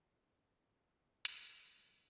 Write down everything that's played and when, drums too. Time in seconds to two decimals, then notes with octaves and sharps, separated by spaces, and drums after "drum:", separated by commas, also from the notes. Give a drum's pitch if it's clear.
1.25 G#1 G#2 A#3, drum: hi-hat